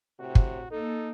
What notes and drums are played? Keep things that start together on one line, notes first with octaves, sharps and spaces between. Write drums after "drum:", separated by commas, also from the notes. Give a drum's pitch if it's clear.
A2 C3 F#4
drum: kick
A#3 D#4 A4